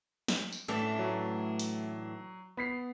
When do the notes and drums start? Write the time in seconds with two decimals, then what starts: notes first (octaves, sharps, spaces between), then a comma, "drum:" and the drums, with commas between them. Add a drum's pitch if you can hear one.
0.28 drum: snare
0.52 drum: tambourine
0.68 A2 E3 A3 C#4 D4
0.99 F#3
1.60 drum: hi-hat
2.57 B3 B5 B6 C7